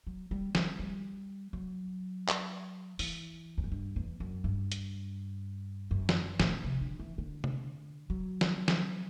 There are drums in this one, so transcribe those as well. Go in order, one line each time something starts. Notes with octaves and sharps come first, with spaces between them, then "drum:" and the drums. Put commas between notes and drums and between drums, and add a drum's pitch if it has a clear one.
F#3
G3
G3, drum: snare
G3
F#3
drum: clap
E3, drum: open hi-hat
E2
F#2
G2
E2
F#2
G2
drum: hi-hat
F#2
drum: snare
A2, drum: snare
C3
D3
E3
D3
drum: tom C3
F#3
drum: snare
drum: snare